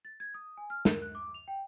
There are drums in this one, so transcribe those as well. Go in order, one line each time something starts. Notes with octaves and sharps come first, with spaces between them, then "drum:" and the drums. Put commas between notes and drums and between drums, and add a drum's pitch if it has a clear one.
A6
G#6
D#6
G#5
F6
A#4, drum: snare
F#6
D6
F7
G5